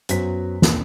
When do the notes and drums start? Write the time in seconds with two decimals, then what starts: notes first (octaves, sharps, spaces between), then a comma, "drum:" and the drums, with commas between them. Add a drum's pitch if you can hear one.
0.09 F#2 F#3 B3 C5 B6, drum: hi-hat
0.62 D#2, drum: snare